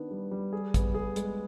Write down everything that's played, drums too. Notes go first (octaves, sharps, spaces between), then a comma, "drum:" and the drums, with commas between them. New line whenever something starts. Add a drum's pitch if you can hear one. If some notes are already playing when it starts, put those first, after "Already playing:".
Already playing: D#3 B3 D4
G3
G3
G#4
B3, drum: kick, hi-hat
G#4
G#3, drum: hi-hat